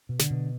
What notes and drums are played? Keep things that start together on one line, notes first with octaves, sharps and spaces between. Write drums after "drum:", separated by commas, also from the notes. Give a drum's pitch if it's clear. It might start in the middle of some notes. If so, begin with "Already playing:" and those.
B2
D3, drum: snare
B2